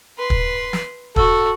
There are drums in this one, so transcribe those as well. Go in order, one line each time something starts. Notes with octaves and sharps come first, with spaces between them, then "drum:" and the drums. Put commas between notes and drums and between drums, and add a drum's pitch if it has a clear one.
B4 C6
drum: kick
drum: snare
F#4 A4, drum: kick